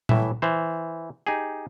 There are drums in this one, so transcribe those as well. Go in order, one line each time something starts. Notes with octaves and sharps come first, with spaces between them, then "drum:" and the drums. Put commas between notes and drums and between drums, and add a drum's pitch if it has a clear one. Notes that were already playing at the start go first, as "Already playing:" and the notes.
A2 E3 E5, drum: tom A#2
E3 C5
D#4 G4 G#4